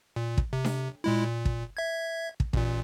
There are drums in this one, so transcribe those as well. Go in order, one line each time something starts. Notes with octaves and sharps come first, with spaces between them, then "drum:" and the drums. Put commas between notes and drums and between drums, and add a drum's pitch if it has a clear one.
A#2
drum: kick
C3
drum: snare D4
A#2 G#3 E4
A#2
drum: kick
E5 G#6
drum: kick
A1 A#2, drum: kick